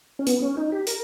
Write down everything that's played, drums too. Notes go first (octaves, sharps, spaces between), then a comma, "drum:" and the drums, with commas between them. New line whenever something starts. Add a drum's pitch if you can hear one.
C#4
B3, drum: hi-hat
C#4
D#4
G4
A#4, drum: hi-hat